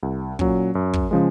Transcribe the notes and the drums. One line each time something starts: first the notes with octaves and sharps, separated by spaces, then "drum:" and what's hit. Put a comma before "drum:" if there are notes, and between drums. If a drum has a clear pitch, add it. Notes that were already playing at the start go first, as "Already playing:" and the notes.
C2
A#2 F#3 C#4, drum: kick
F#2
drum: kick
C#3 F3 G#3